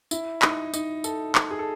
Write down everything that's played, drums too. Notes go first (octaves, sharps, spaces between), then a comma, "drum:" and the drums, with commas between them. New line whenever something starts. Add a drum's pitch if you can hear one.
E4, drum: tambourine
D#4, drum: clap
D#4, drum: tambourine
A4, drum: tambourine
drum: clap
G#4
A4